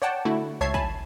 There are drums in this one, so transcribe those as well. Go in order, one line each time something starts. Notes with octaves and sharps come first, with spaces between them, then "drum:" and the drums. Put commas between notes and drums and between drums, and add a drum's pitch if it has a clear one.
C#5 D5 F#5 G5 A5
D3 A3 E4 F#4
C#2 C#5 E5 A5 G#6 C7
G#5 A5 B5, drum: kick